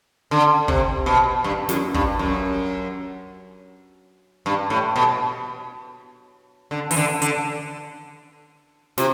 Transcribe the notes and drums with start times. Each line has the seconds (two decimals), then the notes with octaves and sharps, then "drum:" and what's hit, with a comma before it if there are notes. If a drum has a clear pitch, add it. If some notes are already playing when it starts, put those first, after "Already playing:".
0.31 D3
0.68 C3, drum: kick
1.06 B2
1.44 G2
1.69 F#2, drum: snare
1.94 G2, drum: kick
2.19 F#2
4.46 G2
4.70 A2
4.96 B2
6.71 D3
6.91 E3, drum: open hi-hat
6.97 D3
7.22 D3, drum: hi-hat
8.98 C3, drum: snare